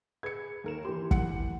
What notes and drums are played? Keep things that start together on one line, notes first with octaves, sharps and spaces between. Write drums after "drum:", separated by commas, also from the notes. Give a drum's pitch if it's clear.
G#4 B4 G#6 C#7
D#2 A#4 E7
E3 G4 C6
F#5 C#7, drum: kick